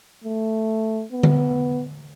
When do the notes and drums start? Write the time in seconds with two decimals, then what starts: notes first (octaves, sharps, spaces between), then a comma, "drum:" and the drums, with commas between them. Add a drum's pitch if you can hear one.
0.25 A3
1.12 B3
1.23 drum: tom D3